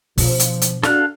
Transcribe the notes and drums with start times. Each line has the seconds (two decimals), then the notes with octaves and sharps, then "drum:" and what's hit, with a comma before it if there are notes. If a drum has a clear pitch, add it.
0.18 B2 D3 F3, drum: kick, open hi-hat
0.40 drum: hi-hat
0.62 drum: hi-hat
0.83 D4 F#4 A4 F5 F#6, drum: snare